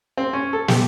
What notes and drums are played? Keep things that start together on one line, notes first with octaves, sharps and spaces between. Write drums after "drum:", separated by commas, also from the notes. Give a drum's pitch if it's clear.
C4
C#4
A4
G4, drum: snare